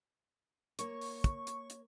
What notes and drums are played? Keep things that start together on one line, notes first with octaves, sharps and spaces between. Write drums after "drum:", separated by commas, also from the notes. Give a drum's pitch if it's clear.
A#3 C#5 C#6, drum: hi-hat
drum: open hi-hat
drum: kick, hi-hat
drum: hi-hat
drum: hi-hat